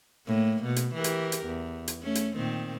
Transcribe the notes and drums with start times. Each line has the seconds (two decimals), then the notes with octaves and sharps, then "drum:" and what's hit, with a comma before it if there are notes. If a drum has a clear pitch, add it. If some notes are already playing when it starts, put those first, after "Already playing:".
0.27 A2 A#3
0.64 B2
0.76 drum: hi-hat
0.95 E3 G4 A#4
1.04 drum: hi-hat
1.32 drum: hi-hat
1.46 E2
1.88 drum: hi-hat
2.03 A3 C#4
2.15 drum: hi-hat
2.36 A#2 D#3 C4